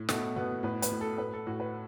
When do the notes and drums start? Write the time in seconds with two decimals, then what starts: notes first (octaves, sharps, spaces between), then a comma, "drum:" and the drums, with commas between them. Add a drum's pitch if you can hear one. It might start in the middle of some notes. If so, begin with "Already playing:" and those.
Already playing: A2
0.09 B2 A3, drum: snare
0.36 B2 B3
0.63 A2 B4
0.82 B4, drum: hi-hat
0.91 A2
1.01 A4
1.18 A2 B4
1.33 A4
1.47 A2 F#4
1.60 B4